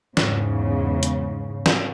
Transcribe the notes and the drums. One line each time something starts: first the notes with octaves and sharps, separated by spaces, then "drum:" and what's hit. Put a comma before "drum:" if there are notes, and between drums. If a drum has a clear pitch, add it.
E2 G#2 C#3, drum: snare
drum: hi-hat
drum: snare